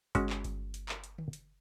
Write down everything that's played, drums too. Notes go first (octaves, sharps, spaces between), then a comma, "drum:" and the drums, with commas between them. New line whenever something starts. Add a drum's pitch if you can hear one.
G#3 C#4 F#4, drum: kick G1, hi-hat
drum: clap
drum: kick G1, hi-hat
drum: hi-hat
drum: clap
drum: hi-hat
drum: tom D3
drum: hi-hat